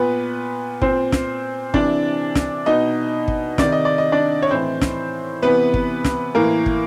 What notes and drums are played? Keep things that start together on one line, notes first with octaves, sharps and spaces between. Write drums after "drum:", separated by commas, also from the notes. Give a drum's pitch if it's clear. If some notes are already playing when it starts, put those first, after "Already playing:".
Already playing: A#2 B3 B4
A#2 C4 C5, drum: kick
drum: snare
C3 E3 D4 D5, drum: kick
drum: snare
B2 D#4 D#5
drum: kick
C3 D#3 D5, drum: snare
D#5
D5
D#5
D4 D5
C#5
A2 E3 C4 C5
drum: snare
C3 E3 B3 B4
drum: kick
drum: snare
A2 E3 A#3 A#4
drum: kick